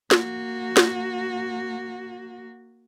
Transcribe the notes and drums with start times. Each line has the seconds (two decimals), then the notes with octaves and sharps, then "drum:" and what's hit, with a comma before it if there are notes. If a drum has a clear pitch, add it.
0.11 A#3 F#4, drum: snare
0.77 drum: snare